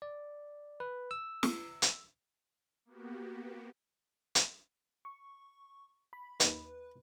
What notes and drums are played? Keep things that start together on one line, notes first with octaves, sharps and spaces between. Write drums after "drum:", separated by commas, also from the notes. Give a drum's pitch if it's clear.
D5
B4
E6
drum: snare
drum: hi-hat
A#3 B3 F#4 G4
drum: hi-hat
C#6
B5
D#2 D#3 B4, drum: hi-hat